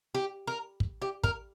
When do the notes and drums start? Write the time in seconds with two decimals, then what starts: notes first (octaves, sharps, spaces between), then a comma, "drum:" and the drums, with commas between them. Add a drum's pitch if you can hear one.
0.14 G4
0.47 A#4
0.80 drum: kick
1.02 G4
1.24 A#4, drum: kick